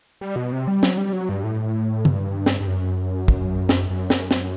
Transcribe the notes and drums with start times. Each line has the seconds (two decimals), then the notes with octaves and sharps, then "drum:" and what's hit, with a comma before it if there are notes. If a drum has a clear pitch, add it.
0.21 G3
0.36 B2
0.52 C3
0.68 G3
0.83 F#3, drum: snare
0.97 G3
1.13 F#3
1.29 G2
1.44 A2
2.05 G2, drum: tom C#3
2.46 drum: snare
2.61 G2
2.67 F#2
3.28 drum: kick
3.69 drum: snare
3.90 F#2
4.10 drum: snare
4.31 drum: snare